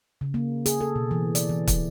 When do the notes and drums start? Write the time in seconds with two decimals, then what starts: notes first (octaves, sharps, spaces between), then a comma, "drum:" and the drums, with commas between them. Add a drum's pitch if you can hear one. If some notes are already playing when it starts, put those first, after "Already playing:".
0.21 C#3
0.34 A#3
0.66 G#4, drum: hi-hat
0.81 A4
0.96 B2
1.11 E3
1.35 D5, drum: hi-hat
1.49 E3
1.68 drum: kick, hi-hat